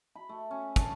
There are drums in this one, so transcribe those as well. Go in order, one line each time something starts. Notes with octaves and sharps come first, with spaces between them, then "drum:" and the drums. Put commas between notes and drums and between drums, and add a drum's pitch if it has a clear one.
B5
A3
C#4
A5, drum: kick, hi-hat